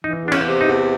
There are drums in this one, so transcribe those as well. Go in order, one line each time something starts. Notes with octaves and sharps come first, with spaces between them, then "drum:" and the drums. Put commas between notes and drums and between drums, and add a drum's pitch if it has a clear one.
E3 D#4
E2 D4
C#4, drum: cymbal
C3
D#4
E2